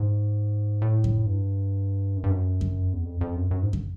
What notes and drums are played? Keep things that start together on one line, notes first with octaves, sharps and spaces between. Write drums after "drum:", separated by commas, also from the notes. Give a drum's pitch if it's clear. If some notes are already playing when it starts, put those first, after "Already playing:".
Already playing: G#2
A2
drum: kick F2
G2
F#2
G2
F#2
drum: kick F2
E2
F2
F2
F#2
F#2
G#2
drum: kick F2